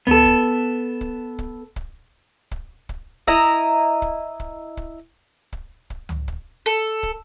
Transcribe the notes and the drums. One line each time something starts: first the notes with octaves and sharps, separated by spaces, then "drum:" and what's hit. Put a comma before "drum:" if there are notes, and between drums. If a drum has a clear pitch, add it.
B3 A4, drum: tom C#2
drum: kick
drum: kick
drum: kick
drum: kick
drum: kick
drum: kick
E4 D#5 A#5, drum: kick
drum: kick
drum: kick
drum: kick
drum: kick
drum: kick
drum: tom C#2
drum: kick
A4
drum: kick